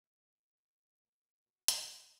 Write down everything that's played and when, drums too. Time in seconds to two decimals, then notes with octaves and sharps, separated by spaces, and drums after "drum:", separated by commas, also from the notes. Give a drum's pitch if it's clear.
0.04 E5
0.35 E4
0.57 D#3
0.78 C4
1.05 A#3
1.21 A#4
1.46 F#4
1.68 A3, drum: hi-hat
1.92 B3